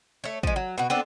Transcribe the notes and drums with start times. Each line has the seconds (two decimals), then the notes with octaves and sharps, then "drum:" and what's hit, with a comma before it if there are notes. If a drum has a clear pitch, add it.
0.24 A3 C#5
0.43 F3 G#3, drum: kick
0.56 F#3
0.78 B2 F#4
0.90 B3 C4 D4 A4